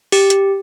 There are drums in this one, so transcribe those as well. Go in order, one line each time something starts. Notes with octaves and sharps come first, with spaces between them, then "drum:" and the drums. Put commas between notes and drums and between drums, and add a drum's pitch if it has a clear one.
G4, drum: open hi-hat
drum: hi-hat